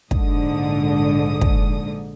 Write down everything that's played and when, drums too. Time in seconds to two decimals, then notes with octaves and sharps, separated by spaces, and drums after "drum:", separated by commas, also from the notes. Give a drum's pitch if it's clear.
0.11 A#1 G#2 D3 D#6, drum: kick
1.41 drum: kick